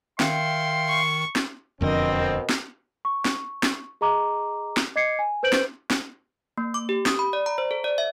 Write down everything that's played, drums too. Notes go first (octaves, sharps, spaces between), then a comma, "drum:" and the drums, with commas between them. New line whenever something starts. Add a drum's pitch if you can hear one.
D#3 E5 F5 G5 C6 C#7, drum: snare
C#6
drum: snare
E1 F2 B2 D3 C4 A#4 D#5
drum: snare
C#6
drum: snare
drum: snare
G#4 D#5 A#5 D6
drum: snare
D#5 D6 G#6 C7 C#7
G#5
B4 C5 G6 D7 F#7
drum: snare
drum: snare
A#3
D6
G4
D#6, drum: snare
B5
D5
A#5
C5
A4
D5
E5